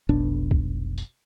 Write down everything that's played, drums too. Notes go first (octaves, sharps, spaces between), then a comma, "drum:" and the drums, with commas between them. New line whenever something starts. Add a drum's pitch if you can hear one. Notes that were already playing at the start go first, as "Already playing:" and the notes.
F1 B1 B2 D4
drum: kick C2
drum: tambourine